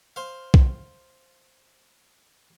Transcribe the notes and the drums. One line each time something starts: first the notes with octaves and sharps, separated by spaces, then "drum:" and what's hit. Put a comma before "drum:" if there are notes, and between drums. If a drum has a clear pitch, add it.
C5 F5
drum: kick B1